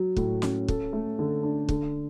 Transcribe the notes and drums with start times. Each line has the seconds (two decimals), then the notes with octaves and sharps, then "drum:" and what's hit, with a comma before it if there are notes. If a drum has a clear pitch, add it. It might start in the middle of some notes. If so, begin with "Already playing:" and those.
Already playing: F#3 F#4
0.16 A2, drum: kick
0.42 C#4, drum: snare
0.68 A4, drum: kick
0.93 A3
1.19 D3
1.43 D4
1.69 D3, drum: kick